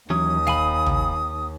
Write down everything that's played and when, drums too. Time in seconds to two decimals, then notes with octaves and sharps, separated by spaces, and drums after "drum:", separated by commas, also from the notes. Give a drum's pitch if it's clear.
0.10 D#2 E3 F#3 C#4 D#6
0.47 F5 G#5 B5, drum: snare
0.86 drum: tom